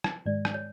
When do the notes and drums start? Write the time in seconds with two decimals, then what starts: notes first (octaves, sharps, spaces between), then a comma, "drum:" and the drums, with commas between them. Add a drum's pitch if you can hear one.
0.04 drum: rim click
0.26 G#2 D#3 G#3 D5
0.45 drum: rim click
0.54 C#5